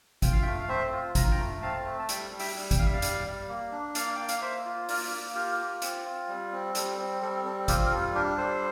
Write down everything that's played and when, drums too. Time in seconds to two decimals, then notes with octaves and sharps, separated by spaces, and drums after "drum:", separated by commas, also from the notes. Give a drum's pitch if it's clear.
0.22 F4 G5, drum: kick G#1, hi-hat
0.32 F5
0.42 E5 G5
0.46 A3
0.60 F5
0.68 C4 C5 E5
0.92 F4
1.15 F4 A#5, drum: kick G#1, hi-hat
1.31 G5 A#5
1.39 A3
1.62 C4 F5 A5
1.86 A3
1.99 A5
2.09 G3 E5 G5, drum: hi-hat
2.31 G3
2.39 E5 G5, drum: open hi-hat
2.56 G3
2.71 G5, drum: kick G#1, hi-hat
2.79 G3 F5
2.86 E5
2.93 D5 F5
3.02 G3, drum: hi-hat
3.25 G3
3.49 A#3
3.72 D4
3.95 A#3 D5 F5, drum: hi-hat
4.16 A#3 G5
4.29 F5, drum: hi-hat
4.41 A#3 C5 E5
4.65 F4
4.89 A#3 A#4 D5, drum: open hi-hat
5.12 A#3
5.35 F4 G4 A#4
5.58 F4
5.82 C4, drum: hi-hat
6.05 F4
6.28 G3
6.52 C4
6.75 G3 A4, drum: hi-hat
6.98 C4
7.22 G3 A4
7.45 C4 A4
7.68 F4 G4 A#4, drum: kick G#1, hi-hat
7.86 A#4
7.91 G3 A4
8.15 D4 G4 A#4
8.38 G3 A4 C5